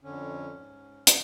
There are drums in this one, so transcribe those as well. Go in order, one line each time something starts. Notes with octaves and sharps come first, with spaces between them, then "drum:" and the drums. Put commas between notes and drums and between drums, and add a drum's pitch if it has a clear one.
F2 D3 C#4
G#2
D3, drum: hi-hat